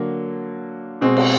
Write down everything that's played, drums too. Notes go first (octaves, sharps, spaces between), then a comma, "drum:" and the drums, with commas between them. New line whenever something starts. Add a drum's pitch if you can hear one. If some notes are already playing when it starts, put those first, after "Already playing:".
Already playing: D3 F#3 A#3
B2 G#3 C4
drum: cymbal